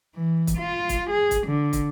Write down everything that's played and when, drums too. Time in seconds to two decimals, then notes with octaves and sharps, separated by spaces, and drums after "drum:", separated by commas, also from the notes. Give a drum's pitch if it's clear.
0.15 E3
0.47 drum: kick, hi-hat
0.57 F4
0.89 drum: kick, hi-hat
1.10 G#4
1.31 drum: kick, hi-hat
1.47 D3
1.73 drum: kick, hi-hat